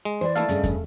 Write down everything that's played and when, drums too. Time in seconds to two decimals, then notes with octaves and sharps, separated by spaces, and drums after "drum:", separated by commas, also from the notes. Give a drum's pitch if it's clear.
0.05 G#3
0.21 E3 C5 D5
0.35 A3 A#3 E4 A4 F5, drum: hi-hat
0.49 C#2 G2 C#3, drum: hi-hat
0.64 drum: kick, hi-hat